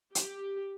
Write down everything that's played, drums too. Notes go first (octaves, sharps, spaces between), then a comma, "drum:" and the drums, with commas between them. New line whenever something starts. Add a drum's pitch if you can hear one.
G4, drum: hi-hat